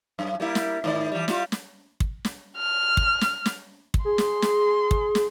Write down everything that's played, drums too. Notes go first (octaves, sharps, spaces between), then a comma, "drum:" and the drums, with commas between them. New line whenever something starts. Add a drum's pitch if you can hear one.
F#2
G3 A#3 E4
drum: snare
G#2 D#3 D5
E3 G3
G3 F4, drum: snare
drum: snare
drum: kick
drum: snare
F6
drum: kick
drum: snare
drum: snare
drum: kick
G#4 C6
drum: snare
drum: snare
drum: kick
drum: snare